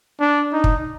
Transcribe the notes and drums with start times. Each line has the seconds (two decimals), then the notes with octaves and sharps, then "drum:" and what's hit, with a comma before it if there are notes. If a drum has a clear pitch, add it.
0.20 D4
0.53 D#4
0.64 drum: kick